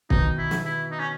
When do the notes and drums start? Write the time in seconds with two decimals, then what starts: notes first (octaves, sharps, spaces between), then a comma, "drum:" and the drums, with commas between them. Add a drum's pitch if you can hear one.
0.10 B2 D#3 D#4, drum: kick
0.38 E4
0.51 drum: snare
0.65 E4
0.91 D#4
1.00 C#4